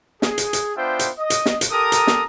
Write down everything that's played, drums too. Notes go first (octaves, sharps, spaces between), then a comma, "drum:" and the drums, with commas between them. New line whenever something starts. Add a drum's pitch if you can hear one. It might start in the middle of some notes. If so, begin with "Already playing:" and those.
G#4, drum: snare
drum: hi-hat
drum: hi-hat
B3 D4 F4 C5 E5 G5
drum: hi-hat
D#5
drum: hi-hat
drum: snare
drum: hi-hat
G4 A4 A#4 A#5 D#6
drum: hi-hat
drum: snare